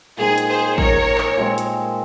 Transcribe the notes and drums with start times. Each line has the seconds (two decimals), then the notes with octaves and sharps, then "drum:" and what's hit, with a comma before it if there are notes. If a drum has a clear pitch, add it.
0.17 A#2 G#3 C4 D#4 G#4
0.38 drum: hi-hat
0.48 G#4 C5
0.78 A#4 C#5, drum: kick A1
1.18 drum: clap
1.37 A#2 G#3 C4
1.58 drum: hi-hat